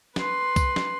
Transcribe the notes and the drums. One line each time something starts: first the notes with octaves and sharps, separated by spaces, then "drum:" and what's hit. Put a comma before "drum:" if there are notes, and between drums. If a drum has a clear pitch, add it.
B4 C6, drum: snare
drum: kick C2, tambourine
drum: snare